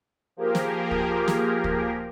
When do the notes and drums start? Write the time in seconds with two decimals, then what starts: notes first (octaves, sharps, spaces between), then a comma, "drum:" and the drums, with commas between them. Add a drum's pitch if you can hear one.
0.37 F3 A#3 G4 G#4 A#4
0.55 drum: snare
0.91 drum: kick
1.28 drum: snare
1.64 drum: kick